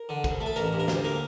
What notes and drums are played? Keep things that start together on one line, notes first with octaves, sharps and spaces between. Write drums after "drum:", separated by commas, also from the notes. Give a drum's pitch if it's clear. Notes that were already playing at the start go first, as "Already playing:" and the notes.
Already playing: A#4
D3
C2, drum: kick, hi-hat
A3
A4
A1 A#4, drum: hi-hat
G2
A#4
D2 C5, drum: snare
A#3 A#4